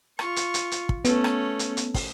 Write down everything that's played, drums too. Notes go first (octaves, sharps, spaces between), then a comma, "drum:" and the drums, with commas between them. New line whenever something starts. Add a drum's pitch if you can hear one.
F4 C#6, drum: rim click
drum: hi-hat
drum: hi-hat
drum: hi-hat
drum: kick
A3 B3 C#4, drum: hi-hat
drum: rim click
drum: hi-hat
drum: hi-hat
drum: kick, open hi-hat